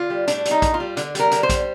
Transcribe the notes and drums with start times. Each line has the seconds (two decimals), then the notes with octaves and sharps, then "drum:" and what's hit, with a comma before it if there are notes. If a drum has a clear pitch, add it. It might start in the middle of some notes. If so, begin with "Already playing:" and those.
Already playing: D3 F4
0.10 G3
0.28 A2 D4, drum: hi-hat
0.45 G3, drum: hi-hat
0.51 D#4
0.62 A2, drum: kick, hi-hat
0.74 F4
0.80 G3
0.97 D3, drum: hi-hat
1.15 G3 A#4, drum: hi-hat
1.31 D3, drum: hi-hat
1.43 C5
1.49 G3, drum: kick, hi-hat